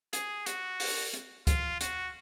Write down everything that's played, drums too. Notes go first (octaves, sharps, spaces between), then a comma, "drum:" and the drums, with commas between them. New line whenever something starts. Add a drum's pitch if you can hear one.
G#4, drum: hi-hat
F#4, drum: hi-hat
drum: open hi-hat
drum: hi-hat
F4, drum: kick D2, hi-hat
F#4, drum: hi-hat